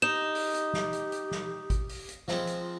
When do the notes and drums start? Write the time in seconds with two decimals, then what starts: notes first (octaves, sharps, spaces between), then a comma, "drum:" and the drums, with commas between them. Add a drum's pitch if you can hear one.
0.02 D#4 G4 E7
0.35 drum: open hi-hat
0.54 drum: hi-hat
0.73 drum: snare
0.93 drum: hi-hat
1.12 drum: hi-hat
1.31 drum: snare
1.70 drum: kick G#1, hi-hat
1.89 drum: open hi-hat
2.09 drum: hi-hat
2.28 F3 G#3 C4 F4, drum: snare
2.47 drum: hi-hat